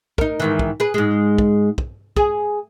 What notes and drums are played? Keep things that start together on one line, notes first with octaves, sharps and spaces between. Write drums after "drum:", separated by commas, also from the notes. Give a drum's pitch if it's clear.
D#4 A#4, drum: kick
G#2 D#3 E3
drum: kick
G#4 B4
G#2 G#3
drum: kick
drum: kick
G#4, drum: kick